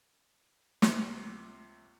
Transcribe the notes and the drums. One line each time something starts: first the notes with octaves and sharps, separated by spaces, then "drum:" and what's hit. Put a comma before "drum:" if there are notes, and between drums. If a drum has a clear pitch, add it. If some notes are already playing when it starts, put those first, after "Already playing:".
C#2 C3, drum: snare